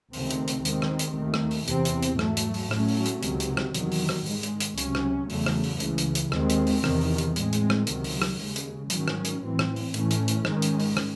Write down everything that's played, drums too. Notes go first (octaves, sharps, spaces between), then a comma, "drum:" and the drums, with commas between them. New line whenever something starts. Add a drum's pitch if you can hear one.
C#2 C3 D#3 A3 C4, drum: open hi-hat
drum: hi-hat
drum: hi-hat
D#2 D#3 G#3 C4, drum: hi-hat
drum: rim click
drum: hi-hat
D#2 D#3 A3
drum: rim click
drum: open hi-hat
E2 C3 E3 C4, drum: hi-hat
drum: hi-hat
drum: hi-hat
G#2 F#3 A3, drum: rim click
drum: hi-hat
drum: open hi-hat
A2 F#3 A3 C#4, drum: rim click
drum: open hi-hat
drum: hi-hat
C#2 C3 D#3 F#3, drum: hi-hat
drum: hi-hat
drum: rim click
E2 C3 D#3 F#3, drum: hi-hat
drum: open hi-hat
drum: rim click
G#2 D#3 G#3, drum: open hi-hat
drum: hi-hat
drum: hi-hat
C#2 C3 F#3 C#4, drum: hi-hat
drum: rim click
E2 C#3 F#3 A3, drum: open hi-hat
drum: rim click
drum: open hi-hat
C#2 C#3 E3, drum: hi-hat
drum: hi-hat
drum: hi-hat
D#2 D#3 G#3 C4, drum: rim click
drum: hi-hat
drum: open hi-hat
E2 C3 D#3, drum: rim click
drum: open hi-hat
drum: hi-hat
A2 G#3 C4, drum: hi-hat
drum: hi-hat
drum: rim click
C#2 C3 D#3 F#3, drum: hi-hat
drum: open hi-hat
drum: rim click
D#2 C#3 G#3, drum: open hi-hat
drum: hi-hat
G#2 D#3 F#3 C#4, drum: hi-hat
drum: rim click
drum: hi-hat
A2 E3 C4
drum: rim click
drum: open hi-hat
A2 E3 A3 C#4, drum: hi-hat
drum: hi-hat
drum: hi-hat
G#2 D#3 G#3 C#4, drum: rim click
drum: hi-hat
drum: open hi-hat
drum: rim click